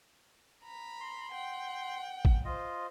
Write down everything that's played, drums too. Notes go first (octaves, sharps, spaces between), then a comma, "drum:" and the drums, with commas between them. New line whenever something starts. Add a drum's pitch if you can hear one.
A#5 B5
C6
F#5 G5
drum: kick
F4 C5 D#5